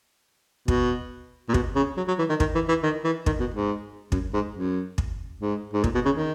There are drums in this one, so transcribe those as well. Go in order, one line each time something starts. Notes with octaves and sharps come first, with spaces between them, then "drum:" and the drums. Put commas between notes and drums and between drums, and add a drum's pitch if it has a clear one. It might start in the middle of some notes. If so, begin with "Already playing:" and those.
B2, drum: kick
A#2
B2, drum: kick
C#3
F#3
F#3
E3
D#3
D#3, drum: kick
E3
E3
D#3
E3
D#3, drum: kick
B2
G#2
F#2, drum: kick
G#2
F#2
drum: kick
G#2
G#2
A#2, drum: kick
B2
C#3
D#3